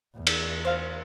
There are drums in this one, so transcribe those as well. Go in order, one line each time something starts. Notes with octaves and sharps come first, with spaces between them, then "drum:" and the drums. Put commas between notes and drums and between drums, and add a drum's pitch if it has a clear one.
E2
drum: cymbal
C5 F5